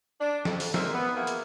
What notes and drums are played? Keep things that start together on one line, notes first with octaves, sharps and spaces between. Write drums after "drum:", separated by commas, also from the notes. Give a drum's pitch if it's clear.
D4
F2, drum: snare
drum: open hi-hat
G#2 A#3 C5 E5, drum: snare
B3
B2 A#3 E4 F4 G#4
drum: hi-hat